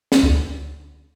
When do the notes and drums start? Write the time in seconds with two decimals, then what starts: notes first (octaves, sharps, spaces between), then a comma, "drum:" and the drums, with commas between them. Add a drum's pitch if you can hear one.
0.12 drum: snare
0.23 D2